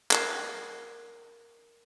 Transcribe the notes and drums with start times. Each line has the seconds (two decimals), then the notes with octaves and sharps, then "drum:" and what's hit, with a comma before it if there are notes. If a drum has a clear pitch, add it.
0.11 A#4 F#6 G#6 C7 E7 G7, drum: clap